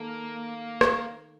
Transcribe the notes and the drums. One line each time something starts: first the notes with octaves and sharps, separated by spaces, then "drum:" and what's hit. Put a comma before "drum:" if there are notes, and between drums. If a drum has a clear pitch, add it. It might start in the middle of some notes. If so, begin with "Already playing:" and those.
Already playing: D#3 A3 A#3
drum: rim click